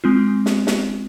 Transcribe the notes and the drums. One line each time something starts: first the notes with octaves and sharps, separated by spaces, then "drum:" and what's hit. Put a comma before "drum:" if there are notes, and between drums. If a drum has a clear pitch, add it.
G#3 C4 F4
drum: snare
drum: snare